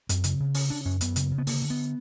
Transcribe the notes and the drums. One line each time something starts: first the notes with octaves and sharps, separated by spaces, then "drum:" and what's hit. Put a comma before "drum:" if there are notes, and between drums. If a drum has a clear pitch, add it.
F#2 C4, drum: hi-hat
C#3, drum: hi-hat
C#3
C#3 C#4, drum: open hi-hat
C#3 D4
F#2 C#4
F#2 B3, drum: hi-hat
C#3, drum: hi-hat
C#3
B3
D3 A#3, drum: open hi-hat
D3
B3